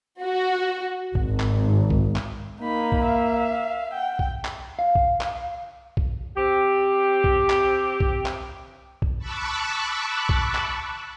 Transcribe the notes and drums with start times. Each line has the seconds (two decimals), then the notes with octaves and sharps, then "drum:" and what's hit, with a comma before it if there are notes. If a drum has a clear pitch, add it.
0.23 F#4
1.15 G#1, drum: kick
1.40 drum: clap
1.90 drum: kick
2.16 drum: clap
2.61 A#3 D#4 B5
2.92 drum: kick
3.04 E5 F5
3.94 F#5 G5
4.19 drum: kick
4.45 drum: clap
4.79 F5
4.95 drum: kick
5.21 drum: clap
5.97 drum: kick
6.37 C4 G4
7.24 drum: kick
7.50 drum: clap
8.00 drum: kick
8.26 drum: clap
9.02 drum: kick
9.18 A5 B5 C#6 D6 E6 F#6
10.29 drum: kick
10.55 drum: clap